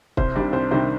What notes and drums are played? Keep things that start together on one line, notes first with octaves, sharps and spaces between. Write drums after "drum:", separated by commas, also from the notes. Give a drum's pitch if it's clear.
C2 C5, drum: kick
C3 D#3 G3 D4
C2 C5
C3 D#3 G3 D4 C5